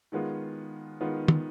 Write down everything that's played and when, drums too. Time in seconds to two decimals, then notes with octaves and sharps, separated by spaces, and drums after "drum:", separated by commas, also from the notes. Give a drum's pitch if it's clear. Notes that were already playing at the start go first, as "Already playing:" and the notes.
0.12 D#3 G#3 B3 F4
1.00 D#3 G#3 B3 F4
1.28 drum: tom